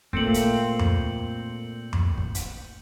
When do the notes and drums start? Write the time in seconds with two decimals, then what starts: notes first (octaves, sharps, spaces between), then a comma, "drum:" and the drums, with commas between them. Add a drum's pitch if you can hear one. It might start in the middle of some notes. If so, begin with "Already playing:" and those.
0.13 A#2 A3 A#3 C4 G6 C#7 F#7, drum: kick
0.34 drum: hi-hat
0.79 drum: tom F2
1.93 drum: tom F2
2.18 drum: kick
2.35 drum: hi-hat